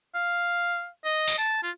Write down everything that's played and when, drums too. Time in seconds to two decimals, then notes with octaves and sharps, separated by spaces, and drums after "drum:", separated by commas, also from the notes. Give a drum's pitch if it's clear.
0.15 F5
1.05 D#5
1.28 drum: tambourine
1.38 A5
1.63 F4